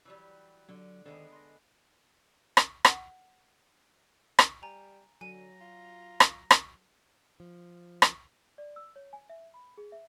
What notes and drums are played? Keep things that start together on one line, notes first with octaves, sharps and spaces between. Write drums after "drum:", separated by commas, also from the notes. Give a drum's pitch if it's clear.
E3 F#3 G3
D3 F#3
D3 D#3 G#3 B3 A4 C5
D#5 C6
drum: rim click
F#5, drum: rim click
drum: rim click
G3 G#5 A#5
D3 F#3 G#5 A#5 D#7
F4
drum: rim click
drum: rim click
F3
drum: rim click
D5
E6
C#5
G#5
E5
B5
G#4
E5